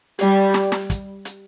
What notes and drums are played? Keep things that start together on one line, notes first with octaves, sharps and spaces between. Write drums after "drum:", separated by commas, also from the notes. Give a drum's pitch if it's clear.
G3 G4 D5 G5, drum: hi-hat
drum: snare
drum: snare
drum: kick, hi-hat
drum: hi-hat